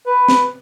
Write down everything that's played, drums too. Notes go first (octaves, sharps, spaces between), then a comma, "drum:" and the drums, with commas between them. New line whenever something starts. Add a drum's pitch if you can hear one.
B4
drum: snare